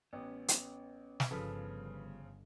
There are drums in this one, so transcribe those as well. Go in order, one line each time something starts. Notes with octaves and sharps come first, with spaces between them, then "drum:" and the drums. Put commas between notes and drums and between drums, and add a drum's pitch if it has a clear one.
A1 B3 C#4
drum: hi-hat
drum: snare
G1 C#3 F3 A4 B4